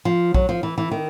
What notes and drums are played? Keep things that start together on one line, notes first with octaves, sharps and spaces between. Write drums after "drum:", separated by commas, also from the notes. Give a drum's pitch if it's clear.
F3
F#3, drum: kick
F3
E3
E3
D#3